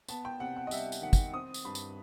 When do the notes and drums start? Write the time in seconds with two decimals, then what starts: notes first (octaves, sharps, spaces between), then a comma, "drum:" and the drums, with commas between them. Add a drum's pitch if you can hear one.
0.08 B3 A5, drum: tambourine
0.25 G5
0.40 C3 F#5
0.56 F#5
0.67 D#5
0.71 G3 E5, drum: tambourine
0.92 drum: tambourine
1.02 D#3 F#5
1.13 drum: kick, tambourine
1.33 C4 D#6
1.54 drum: tambourine
1.65 G2 B5
1.75 drum: tambourine